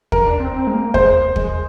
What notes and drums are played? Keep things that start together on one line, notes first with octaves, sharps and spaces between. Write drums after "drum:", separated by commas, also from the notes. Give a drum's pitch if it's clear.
A#4, drum: kick
D4
C4
C4
G#3
A#3
G#3 C5, drum: kick
G#3, drum: kick